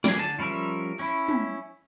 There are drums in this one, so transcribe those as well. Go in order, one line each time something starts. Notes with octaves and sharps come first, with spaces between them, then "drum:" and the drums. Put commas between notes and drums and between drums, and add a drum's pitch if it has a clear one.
D4 G#4, drum: snare
D3 A5
F3 G3 C#4 A#4 E5
C#4 E4
drum: tom